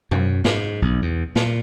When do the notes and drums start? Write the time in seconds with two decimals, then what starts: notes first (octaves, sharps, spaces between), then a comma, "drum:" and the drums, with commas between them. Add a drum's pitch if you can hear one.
0.11 F#2, drum: tom B2
0.44 G#2, drum: snare
0.82 B1
1.02 E2
1.35 A#2, drum: snare